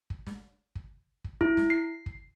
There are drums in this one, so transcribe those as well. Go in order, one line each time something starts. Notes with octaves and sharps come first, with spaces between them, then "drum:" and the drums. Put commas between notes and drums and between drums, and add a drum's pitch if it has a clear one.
drum: kick
drum: snare
drum: kick
drum: kick
E4, drum: kick
drum: snare
C7
drum: kick